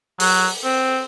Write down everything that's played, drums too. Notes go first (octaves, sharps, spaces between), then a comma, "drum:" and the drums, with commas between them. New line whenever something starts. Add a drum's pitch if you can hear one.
F#3, drum: open hi-hat
C4